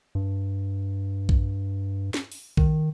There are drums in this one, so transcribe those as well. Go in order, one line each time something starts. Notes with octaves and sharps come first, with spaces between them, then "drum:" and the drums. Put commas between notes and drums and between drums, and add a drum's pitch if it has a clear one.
G2
drum: kick B1
drum: snare
drum: open hi-hat
D#3, drum: kick B1